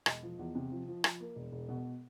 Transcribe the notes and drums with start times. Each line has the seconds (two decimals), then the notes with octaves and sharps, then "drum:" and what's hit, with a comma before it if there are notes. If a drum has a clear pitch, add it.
0.06 E1 D#5, drum: rim click
0.23 F3
0.39 E2
0.55 C3
0.72 F3
0.88 F3
1.04 F3, drum: rim click
1.20 A#3
1.36 E1
1.52 E1
1.69 B2